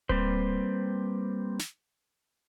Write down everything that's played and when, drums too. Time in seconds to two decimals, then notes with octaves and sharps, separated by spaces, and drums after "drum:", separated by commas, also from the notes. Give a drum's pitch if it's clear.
0.09 G3 A#3 C4 B4 C5, drum: kick D1
1.59 drum: snare